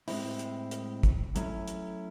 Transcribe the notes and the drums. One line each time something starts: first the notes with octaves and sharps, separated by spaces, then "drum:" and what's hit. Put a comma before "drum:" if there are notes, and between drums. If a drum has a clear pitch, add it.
A2 G#3 C4 E4, drum: open hi-hat
drum: hi-hat
drum: hi-hat
drum: kick, hi-hat
F#3 A3 C#4 E4, drum: hi-hat
drum: hi-hat